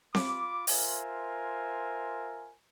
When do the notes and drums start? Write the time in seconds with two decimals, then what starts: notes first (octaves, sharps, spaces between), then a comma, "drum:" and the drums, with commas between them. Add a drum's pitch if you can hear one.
0.15 F4 B5 D6, drum: snare C4
0.67 F4 A#4 C5 E5 G#5, drum: open hi-hat